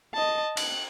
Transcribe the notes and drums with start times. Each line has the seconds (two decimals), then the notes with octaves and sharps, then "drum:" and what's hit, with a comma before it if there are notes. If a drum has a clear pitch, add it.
0.14 D#5 A5
0.57 F#6, drum: cymbal